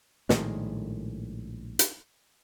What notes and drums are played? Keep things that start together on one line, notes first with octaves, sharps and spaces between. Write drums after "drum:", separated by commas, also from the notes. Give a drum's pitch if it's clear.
A#1 A2 D#3 G#3, drum: snare
drum: hi-hat